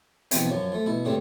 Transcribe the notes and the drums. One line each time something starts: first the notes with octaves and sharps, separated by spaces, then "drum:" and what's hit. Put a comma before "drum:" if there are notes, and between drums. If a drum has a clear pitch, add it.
B2 E3 F3 B3 C4, drum: hi-hat
F#2 F3 F#3
F3 A3
B2 E4
G2 A#2 C#3 A3 C4